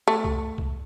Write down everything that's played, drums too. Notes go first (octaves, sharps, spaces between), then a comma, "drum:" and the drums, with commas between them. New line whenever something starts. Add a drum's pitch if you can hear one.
A3
drum: kick C2
drum: kick C2